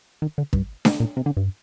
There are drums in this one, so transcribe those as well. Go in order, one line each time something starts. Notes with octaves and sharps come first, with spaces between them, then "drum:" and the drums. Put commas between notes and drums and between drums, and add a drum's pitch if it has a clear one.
D#3
D3
G2, drum: kick
A#2, drum: snare D4
A#2
C3
D3
G2